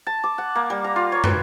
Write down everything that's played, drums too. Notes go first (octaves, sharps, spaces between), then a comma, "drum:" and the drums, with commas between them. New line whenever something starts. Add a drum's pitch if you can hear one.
A5
D6
F#5
A#3
G3
A#5
F4
C#5
B4, drum: tom